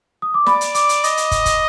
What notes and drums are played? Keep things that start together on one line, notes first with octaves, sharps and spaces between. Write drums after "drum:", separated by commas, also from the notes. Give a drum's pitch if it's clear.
D#6
D6
D5 B5, drum: snare
drum: hi-hat
D6, drum: hi-hat
drum: hi-hat
D#5, drum: hi-hat
drum: hi-hat
drum: kick, hi-hat
drum: kick, hi-hat